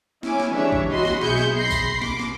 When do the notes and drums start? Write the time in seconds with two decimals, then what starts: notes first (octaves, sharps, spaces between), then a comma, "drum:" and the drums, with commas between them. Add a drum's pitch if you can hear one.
0.23 C#4 E4 G#5 D6, drum: snare
0.40 drum: snare
0.53 E3 G3 G#3 D4 C#5 E5
0.72 drum: kick A1
0.91 F#4 D#5 B5 C6
1.05 drum: snare
1.21 B1 G#4 E5 G6 C#7, drum: snare
1.38 drum: snare
1.56 B5 C6 A#6 C7
1.71 drum: kick A1, tambourine
2.02 D6, drum: snare
2.20 drum: snare